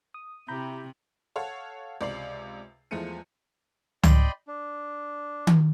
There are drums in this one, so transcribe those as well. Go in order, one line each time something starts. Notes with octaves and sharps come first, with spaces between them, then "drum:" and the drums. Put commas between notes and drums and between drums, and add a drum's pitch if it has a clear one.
D#6
C3 E4 G4 A#5 B5 G6
A4 C#5 F5 F#5
C#2 C3 D5 C7 F#7
E2 F3 G#3 A3 C#7 D#7
D5 D#5 G5 B5 C6, drum: tom C#2
D4
drum: tom D#3